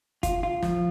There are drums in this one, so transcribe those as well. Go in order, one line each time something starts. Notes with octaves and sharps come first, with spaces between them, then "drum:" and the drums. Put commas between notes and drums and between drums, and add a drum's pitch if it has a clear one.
F4, drum: kick, hi-hat
F4
F3, drum: snare